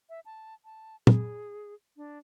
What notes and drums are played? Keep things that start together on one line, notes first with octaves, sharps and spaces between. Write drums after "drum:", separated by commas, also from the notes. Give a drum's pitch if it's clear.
E5
A5
A5
G#4, drum: tom
D4